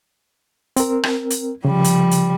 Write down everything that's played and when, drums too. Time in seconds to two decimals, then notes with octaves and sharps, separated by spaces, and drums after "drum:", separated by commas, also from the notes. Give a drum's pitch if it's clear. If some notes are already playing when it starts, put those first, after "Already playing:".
0.76 C4 A#4, drum: hi-hat
1.03 drum: rim click
1.30 drum: hi-hat
1.65 C#3 F3 G3
1.84 drum: hi-hat
2.11 drum: hi-hat